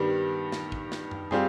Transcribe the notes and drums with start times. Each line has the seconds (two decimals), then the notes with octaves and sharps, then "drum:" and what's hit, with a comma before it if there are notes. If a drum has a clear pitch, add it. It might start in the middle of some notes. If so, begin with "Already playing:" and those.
Already playing: G2 D#3 G3 B3
0.52 drum: snare
0.72 drum: kick
0.92 drum: snare
1.11 drum: tom
1.31 G3 C4 F4 G#4, drum: tom